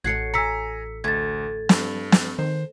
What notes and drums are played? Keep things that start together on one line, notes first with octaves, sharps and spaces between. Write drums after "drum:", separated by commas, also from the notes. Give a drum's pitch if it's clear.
A1 F#4 A4 C#5 G#6 C7 C#7
G#5 A#5 E6 B6 C#7
D2 A3 G#6 A6
G2, drum: snare
drum: snare
D#3 C5